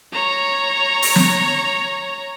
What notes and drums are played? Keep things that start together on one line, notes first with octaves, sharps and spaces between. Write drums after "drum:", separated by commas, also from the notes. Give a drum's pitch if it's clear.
C#5 A#5
drum: open hi-hat
drum: snare